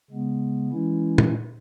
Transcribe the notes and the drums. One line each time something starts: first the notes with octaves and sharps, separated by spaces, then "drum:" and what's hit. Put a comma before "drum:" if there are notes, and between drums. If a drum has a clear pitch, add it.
C#3 G#3 B3
E3 G#3 C#4 E4
drum: tom A#2